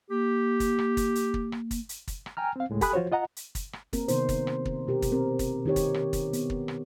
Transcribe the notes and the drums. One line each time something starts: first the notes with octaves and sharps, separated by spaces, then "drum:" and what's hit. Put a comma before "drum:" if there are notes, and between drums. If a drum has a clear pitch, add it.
A#3 G4
drum: kick, hi-hat
drum: rim click
drum: kick, hi-hat
drum: hi-hat
drum: kick
drum: rim click
drum: kick, hi-hat
drum: hi-hat
drum: kick, hi-hat
drum: rim click
G5 G#5 A#5 F6
C4 F5
C#2 A2 G#3
G4 A4 G#5 B5 D#6 F#6, drum: kick, hi-hat
F3 F4 F#4 C5 C#5
F4 D#5 F#5 A#5
drum: hi-hat
drum: kick, hi-hat
drum: rim click
A#3 C4 A#4, drum: kick, hi-hat
C3 D#3 B3 D#4 C5, drum: hi-hat
drum: kick, hi-hat
drum: rim click
drum: kick
B2 G4 A#4
drum: kick, hi-hat
C4 A#4
drum: kick, hi-hat
D#3 D#4 G4 C#5
drum: kick, hi-hat
drum: rim click
drum: kick, hi-hat
B3, drum: hi-hat
drum: kick
drum: rim click